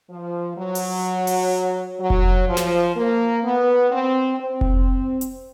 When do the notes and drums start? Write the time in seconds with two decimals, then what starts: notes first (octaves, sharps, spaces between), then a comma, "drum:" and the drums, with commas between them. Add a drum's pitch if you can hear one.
0.09 F3
0.57 F#3
0.75 drum: open hi-hat
1.27 drum: open hi-hat
1.99 F#3
2.10 drum: kick F1
2.47 F3
2.57 drum: snare
2.95 A#3
3.43 B3
3.90 C4
4.38 C4
4.61 drum: kick F1
5.21 drum: hi-hat